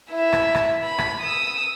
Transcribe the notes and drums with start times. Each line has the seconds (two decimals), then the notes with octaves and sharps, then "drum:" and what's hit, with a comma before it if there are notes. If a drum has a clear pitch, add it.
0.11 E4 E5
0.33 drum: rim click
0.54 drum: rim click
0.83 B5
0.98 drum: rim click
1.22 D#6 E6